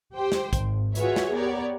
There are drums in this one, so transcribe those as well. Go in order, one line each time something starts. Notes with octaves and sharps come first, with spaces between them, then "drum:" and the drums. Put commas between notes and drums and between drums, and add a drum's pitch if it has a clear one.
G4 C5 G5
drum: snare
G#1, drum: kick, hi-hat
F4 F#4 G#4 B4 C#5 E5, drum: hi-hat
drum: snare
B3 G4 A#4 C#5 D5